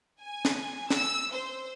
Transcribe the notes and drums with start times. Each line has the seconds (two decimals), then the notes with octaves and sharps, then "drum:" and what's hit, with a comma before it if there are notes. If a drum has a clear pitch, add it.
0.21 G#5
0.45 drum: snare
0.90 E6, drum: snare
1.33 C5